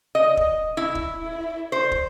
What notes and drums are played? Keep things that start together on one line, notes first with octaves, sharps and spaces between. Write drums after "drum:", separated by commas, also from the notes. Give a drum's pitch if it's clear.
D#5
drum: kick
E4
drum: kick
C5
drum: kick